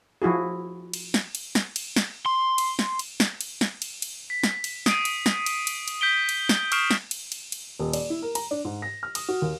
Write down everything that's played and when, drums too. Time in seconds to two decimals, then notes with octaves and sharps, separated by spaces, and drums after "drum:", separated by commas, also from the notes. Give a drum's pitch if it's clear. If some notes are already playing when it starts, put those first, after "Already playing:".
0.22 F3 E4 F#4 G#4
0.94 drum: cymbal
1.14 drum: snare
1.35 drum: cymbal
1.55 drum: snare
1.76 drum: cymbal
1.96 drum: snare
2.26 C6
2.58 drum: cymbal
2.79 drum: snare
2.99 drum: cymbal
3.20 drum: snare
3.41 drum: cymbal
3.61 drum: snare
3.82 drum: cymbal
4.02 drum: cymbal
4.30 B6
4.43 drum: snare
4.64 drum: cymbal
4.86 D#6 C7 D7 D#7, drum: snare
5.05 drum: cymbal
5.26 drum: snare
5.46 drum: cymbal
5.67 drum: cymbal
5.88 drum: cymbal
6.01 G6 B6 D7 G7
6.29 drum: cymbal
6.49 drum: snare
6.72 C#6 D#6 F6 C7 D7 E7, drum: cymbal
6.91 drum: snare
7.11 drum: cymbal
7.32 drum: cymbal
7.52 drum: cymbal
7.79 D#1
7.93 D5, drum: cymbal
8.10 E4
8.22 A#4
8.35 A#5, drum: cymbal
8.51 D4
8.65 G#2
8.82 A#6
9.03 F6
9.15 D#6, drum: cymbal
9.29 F#4
9.42 D#2